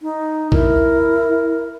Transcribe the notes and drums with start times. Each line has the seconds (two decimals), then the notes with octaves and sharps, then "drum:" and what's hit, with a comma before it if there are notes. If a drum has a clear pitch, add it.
0.02 D#4
0.52 E4 A#4, drum: kick A#1